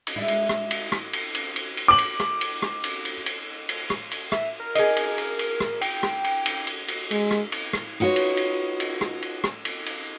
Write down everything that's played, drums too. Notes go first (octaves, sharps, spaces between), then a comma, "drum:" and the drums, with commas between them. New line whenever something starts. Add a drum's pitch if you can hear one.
drum: cymbal
G#3 D4 E4
drum: cymbal
drum: rim click
drum: cymbal
drum: rim click
drum: cymbal
drum: cymbal
drum: cymbal
drum: cymbal
D6 F#7
drum: cymbal
drum: rim click
drum: cymbal
drum: rim click
drum: cymbal
drum: cymbal
drum: cymbal
drum: cymbal
drum: rim click
drum: cymbal
E5, drum: rim click
A#4
G#4 D#5, drum: cymbal
drum: cymbal
drum: cymbal
drum: cymbal
drum: rim click
G5, drum: cymbal
drum: rim click
drum: cymbal
drum: cymbal
drum: cymbal
drum: cymbal
G#3, drum: cymbal
drum: rim click
drum: cymbal
drum: rim click
D#4 F4 F#4 B4 C#5
drum: cymbal
drum: cymbal
drum: cymbal
drum: rim click
drum: cymbal
drum: rim click
drum: cymbal
drum: cymbal